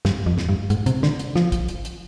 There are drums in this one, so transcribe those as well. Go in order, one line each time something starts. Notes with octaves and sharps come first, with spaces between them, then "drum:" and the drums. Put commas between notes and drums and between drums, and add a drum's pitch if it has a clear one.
G2, drum: snare
F2
drum: snare
G2
G#2, drum: hi-hat
C3, drum: hi-hat
D3, drum: snare
drum: hi-hat
F3, drum: snare
drum: kick, hi-hat
drum: hi-hat
drum: hi-hat